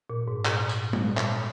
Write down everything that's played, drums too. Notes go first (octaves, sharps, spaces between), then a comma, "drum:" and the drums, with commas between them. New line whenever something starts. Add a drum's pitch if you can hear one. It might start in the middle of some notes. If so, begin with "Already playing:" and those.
A#2
G#2
A#2, drum: clap
drum: tambourine
drum: tom G3
A#2, drum: clap